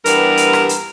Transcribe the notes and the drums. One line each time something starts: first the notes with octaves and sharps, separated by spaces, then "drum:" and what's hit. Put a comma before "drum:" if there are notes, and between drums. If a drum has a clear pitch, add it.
G2 E3 G3 B3 A#4 B4, drum: hi-hat
drum: hi-hat
drum: rim click
drum: hi-hat